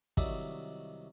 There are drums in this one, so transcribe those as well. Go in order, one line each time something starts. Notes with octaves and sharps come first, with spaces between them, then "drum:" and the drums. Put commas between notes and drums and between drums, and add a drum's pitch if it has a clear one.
C2 D#3 F#3 D5 E5 D#6, drum: kick